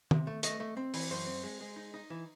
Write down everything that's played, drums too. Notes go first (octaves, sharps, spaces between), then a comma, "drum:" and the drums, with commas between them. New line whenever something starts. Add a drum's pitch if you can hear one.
C3, drum: tom
A3
A3 D#5, drum: hi-hat
A3
C4
E3, drum: open hi-hat
F#2 C5
C4
G#3
G#3
D#4
D#4
E3